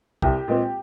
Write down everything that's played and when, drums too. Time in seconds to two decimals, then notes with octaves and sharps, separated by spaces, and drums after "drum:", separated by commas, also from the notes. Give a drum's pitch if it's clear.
0.22 C2 G4, drum: kick
0.48 A#2 G#3 C4